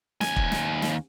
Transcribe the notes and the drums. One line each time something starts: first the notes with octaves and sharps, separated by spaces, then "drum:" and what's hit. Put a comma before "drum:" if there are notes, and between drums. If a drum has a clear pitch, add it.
D#2 G#5, drum: snare
drum: kick
drum: snare
drum: snare